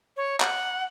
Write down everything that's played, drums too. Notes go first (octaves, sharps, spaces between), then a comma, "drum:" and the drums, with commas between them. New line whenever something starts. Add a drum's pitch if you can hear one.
C#5
F#5, drum: clap